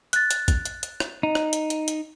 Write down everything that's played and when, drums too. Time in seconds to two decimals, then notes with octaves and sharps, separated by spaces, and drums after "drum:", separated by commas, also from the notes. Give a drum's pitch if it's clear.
0.13 F#6 A6, drum: hi-hat
0.31 drum: hi-hat
0.48 drum: kick, hi-hat
0.65 drum: hi-hat
0.83 drum: hi-hat
1.00 drum: rim click
1.23 D#4
1.35 drum: rim click
1.53 drum: hi-hat
1.70 drum: hi-hat
1.88 drum: hi-hat